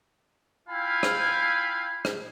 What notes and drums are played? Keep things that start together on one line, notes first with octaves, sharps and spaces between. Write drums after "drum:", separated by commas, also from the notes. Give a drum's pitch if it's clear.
E4 F4 F5 G5 G#5 B5
drum: rim click
drum: rim click